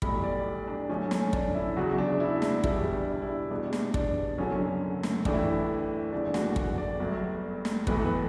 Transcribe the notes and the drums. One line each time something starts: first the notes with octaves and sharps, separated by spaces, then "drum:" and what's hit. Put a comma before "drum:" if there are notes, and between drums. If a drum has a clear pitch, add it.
B1 A2 G3 B5, drum: kick
D5
D4
F#2 D3 A3 C#4
C#4, drum: snare
D4, drum: kick
E4
E2 C#3 F#3 F#4
D4
E4
D4, drum: snare
E2 B2 G3 E4, drum: kick
D4
D4
E4
E2 B2 G3 B3 D4
drum: snare
D4, drum: kick
F#1 F#2 D3 F#3 C#4
drum: snare
A1 A2 E3 D4, drum: kick
E4
D4
F#1 E2 D3 A3 D4
F#4, drum: snare
F#4, drum: kick
D5
G1 G2 F#3 A3
drum: snare
B1 A2 E3 B3 B4, drum: kick
A4
B4